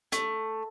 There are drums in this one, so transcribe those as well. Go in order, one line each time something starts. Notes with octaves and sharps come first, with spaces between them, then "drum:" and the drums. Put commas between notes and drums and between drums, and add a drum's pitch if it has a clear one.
A3, drum: hi-hat